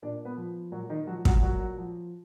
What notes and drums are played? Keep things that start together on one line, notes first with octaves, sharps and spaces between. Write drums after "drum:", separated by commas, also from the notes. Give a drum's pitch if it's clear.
A#2 D4 D5
B3 B4
F3
A#2 F#3 F#4
D#3 D#4
F3 F#3 F#4
F#3 F#4, drum: kick
A#2 F#3 F#4
F3